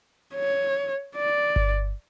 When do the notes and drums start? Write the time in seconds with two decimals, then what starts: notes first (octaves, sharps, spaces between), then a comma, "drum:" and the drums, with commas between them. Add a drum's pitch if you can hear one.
0.35 C#5
1.15 D5
1.56 drum: kick G1